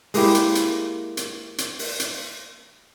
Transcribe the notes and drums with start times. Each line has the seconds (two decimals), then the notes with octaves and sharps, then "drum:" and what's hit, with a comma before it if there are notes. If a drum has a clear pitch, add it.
0.14 G#3 A#3 E4 G4, drum: open hi-hat
0.35 drum: hi-hat
0.55 drum: hi-hat
1.17 drum: hi-hat
1.58 drum: hi-hat
1.79 drum: open hi-hat
2.00 drum: hi-hat